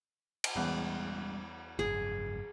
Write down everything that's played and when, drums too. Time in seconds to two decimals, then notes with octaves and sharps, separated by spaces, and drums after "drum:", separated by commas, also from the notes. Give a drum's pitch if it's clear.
0.44 drum: cymbal
0.56 E2 G3 G#3 C#4
1.79 G#1 F#2 G#4